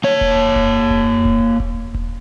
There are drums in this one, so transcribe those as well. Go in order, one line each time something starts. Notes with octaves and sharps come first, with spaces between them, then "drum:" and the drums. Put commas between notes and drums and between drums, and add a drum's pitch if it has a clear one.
A#3 C#5
drum: kick D#1
drum: kick D#1
drum: kick D#1
drum: kick D#1
drum: kick D#1
drum: kick D#1